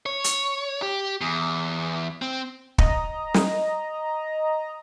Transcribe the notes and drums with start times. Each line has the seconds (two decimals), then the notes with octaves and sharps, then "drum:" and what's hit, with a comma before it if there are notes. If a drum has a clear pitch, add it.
0.06 C#5
0.24 drum: hi-hat
0.82 G4
1.21 E2
2.22 C4
2.78 D#5 A#5, drum: kick
3.34 drum: snare